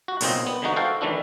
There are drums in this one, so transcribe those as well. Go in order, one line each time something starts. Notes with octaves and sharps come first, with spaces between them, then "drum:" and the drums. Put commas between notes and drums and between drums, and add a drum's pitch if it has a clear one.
F#4
B1 A#2 C#3 C4 C5 D#5, drum: open hi-hat
B3
D3 E3 G#3 D#4 F#4
F#4 A4 C5 F5 G5
D#3 E3 A3 C#4 D4 E4